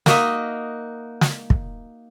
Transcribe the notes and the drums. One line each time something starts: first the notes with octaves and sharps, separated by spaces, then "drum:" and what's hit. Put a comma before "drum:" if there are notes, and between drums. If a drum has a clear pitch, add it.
A#3 D#4 F#4 D#5 E5, drum: snare
drum: snare
drum: kick